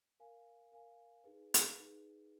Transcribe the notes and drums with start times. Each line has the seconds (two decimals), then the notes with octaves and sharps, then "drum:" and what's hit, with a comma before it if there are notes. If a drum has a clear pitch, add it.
0.20 A#4 F5 G#5
0.72 A#4 F5 G#5
1.24 D#4 G#4 B4
1.54 drum: hi-hat
1.76 D#4 G#4 B4